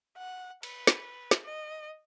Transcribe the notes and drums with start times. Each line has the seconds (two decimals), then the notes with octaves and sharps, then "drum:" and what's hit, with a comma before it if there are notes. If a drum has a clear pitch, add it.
0.18 F#5
0.63 B4, drum: cymbal
0.87 drum: snare
1.31 drum: snare
1.43 D#5